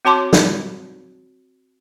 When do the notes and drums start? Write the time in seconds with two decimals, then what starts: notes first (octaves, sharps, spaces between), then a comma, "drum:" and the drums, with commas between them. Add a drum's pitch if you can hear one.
0.05 C4 F#4 C#5 A5 C6 D6
0.33 drum: snare